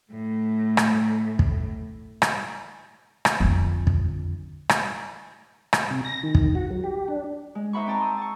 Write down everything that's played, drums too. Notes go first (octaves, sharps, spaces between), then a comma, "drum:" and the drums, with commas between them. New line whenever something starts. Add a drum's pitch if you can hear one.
A2 A3
drum: rim click
drum: kick
drum: rim click
drum: rim click
F2 D3
drum: kick
drum: rim click
drum: rim click
C3
A#6
D#3
drum: kick
F#4
F#3
G4
D4
G#3
D#4 C5 E5 F#5 B5 C#6
C4 G5 A5 A#5 C#6
C6 D#6 E6
A5 C#6